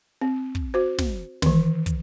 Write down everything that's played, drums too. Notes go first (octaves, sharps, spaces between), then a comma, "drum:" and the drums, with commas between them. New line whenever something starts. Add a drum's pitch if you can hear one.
C4
drum: kick
F#4 C5
drum: snare
D#3 E3, drum: snare
drum: kick, hi-hat